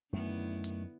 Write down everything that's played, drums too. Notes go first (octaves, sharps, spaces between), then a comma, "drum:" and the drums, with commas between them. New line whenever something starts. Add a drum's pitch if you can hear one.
F#2 D3 D#3 A3 B3 E4
drum: hi-hat